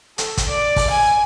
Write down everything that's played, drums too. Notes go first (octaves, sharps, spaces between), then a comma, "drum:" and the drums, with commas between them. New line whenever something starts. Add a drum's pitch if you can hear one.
A4, drum: hi-hat
drum: kick, hi-hat
D5
drum: kick, open hi-hat
G#5